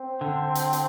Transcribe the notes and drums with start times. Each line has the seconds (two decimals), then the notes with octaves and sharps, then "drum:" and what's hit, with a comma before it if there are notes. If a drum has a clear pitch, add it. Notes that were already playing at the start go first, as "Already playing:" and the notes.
Already playing: C4
0.21 D3
0.55 drum: hi-hat
0.73 drum: hi-hat